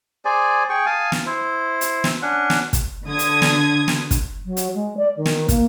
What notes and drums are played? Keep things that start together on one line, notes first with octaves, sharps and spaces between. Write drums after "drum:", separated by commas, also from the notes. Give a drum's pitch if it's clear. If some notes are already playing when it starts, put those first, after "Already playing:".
G#4 C5 D5 G#5
G#4 G5 C#6
F5 G#5 A5 D#6
drum: snare
E4 C5
drum: hi-hat
drum: snare
C#4 D4 F#5
drum: snare
drum: kick, hi-hat
D3 D#6 G#6
drum: hi-hat
drum: snare
drum: snare
drum: kick, hi-hat
F#3
drum: hi-hat
G#3
D5
D#3
drum: snare
A#3, drum: kick, hi-hat